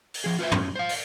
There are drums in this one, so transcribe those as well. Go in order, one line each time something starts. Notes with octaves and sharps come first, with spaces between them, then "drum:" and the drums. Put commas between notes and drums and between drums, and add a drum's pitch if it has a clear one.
drum: open hi-hat
F3 G#4
F4 B4 C5 E5
F#2 C#4 D#4, drum: tom
C5 F5
drum: open hi-hat